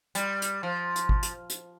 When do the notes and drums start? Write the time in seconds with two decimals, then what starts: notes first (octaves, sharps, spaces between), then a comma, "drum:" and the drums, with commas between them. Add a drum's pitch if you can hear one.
0.15 G3, drum: hi-hat
0.42 drum: hi-hat
0.63 F3
0.96 drum: hi-hat
1.09 drum: kick G#1
1.23 drum: hi-hat
1.50 drum: hi-hat